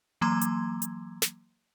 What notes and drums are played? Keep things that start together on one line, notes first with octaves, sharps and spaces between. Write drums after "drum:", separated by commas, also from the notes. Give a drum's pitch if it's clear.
E3 F#3 A#3 A#5 C6
drum: hi-hat
drum: hi-hat
drum: snare